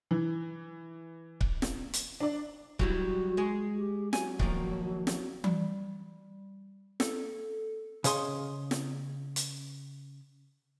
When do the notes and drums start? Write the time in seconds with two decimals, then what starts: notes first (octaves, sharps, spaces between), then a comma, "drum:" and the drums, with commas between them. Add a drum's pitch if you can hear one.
0.11 E3
1.41 drum: kick C#1
1.62 drum: snare
1.93 drum: hi-hat
2.20 D4 D5
2.79 F#3 G3 E4 F#4, drum: kick C#1
3.37 G#3 G#4
3.77 G4
4.13 F#3 G#5, drum: snare
4.39 D#3 F3 A#3, drum: kick C#1
5.07 drum: snare
5.44 G3, drum: tom E3
7.00 A4, drum: snare
8.04 C#3 C#5 D#5 C6, drum: hi-hat
8.71 drum: snare
9.36 drum: hi-hat